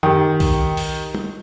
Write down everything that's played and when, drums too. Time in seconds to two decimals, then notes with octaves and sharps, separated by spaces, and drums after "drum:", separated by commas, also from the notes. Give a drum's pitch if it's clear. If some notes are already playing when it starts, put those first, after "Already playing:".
0.03 D#3 G4, drum: tom F#2
0.40 drum: kick B1, open hi-hat
0.77 drum: open hi-hat
1.15 drum: tom